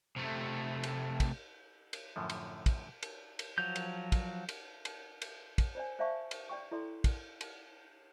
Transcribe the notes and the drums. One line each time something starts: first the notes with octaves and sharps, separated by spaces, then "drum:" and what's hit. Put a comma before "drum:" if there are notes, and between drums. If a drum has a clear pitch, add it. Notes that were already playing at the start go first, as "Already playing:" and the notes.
C3 A3
drum: cymbal
drum: kick, cymbal
drum: cymbal
F#2 A2 D3 F3
drum: cymbal
drum: kick, cymbal
drum: cymbal
drum: cymbal
F3 F#3 G6
drum: cymbal
drum: kick, cymbal
drum: cymbal
drum: cymbal
drum: cymbal
drum: kick, cymbal
C5 D5 G#5
C5 D5 E5 F5 A5 C#6
drum: cymbal
D5 G5 C#6
E4 A4 D5 C6
drum: kick, cymbal
drum: cymbal